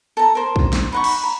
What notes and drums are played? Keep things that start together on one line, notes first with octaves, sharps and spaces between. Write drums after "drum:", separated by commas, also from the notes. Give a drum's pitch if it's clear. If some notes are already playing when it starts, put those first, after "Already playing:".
A4 A#5
A#4 C5
drum: kick
drum: snare
D#4 F#5 B5 C#6
drum: cymbal
A#5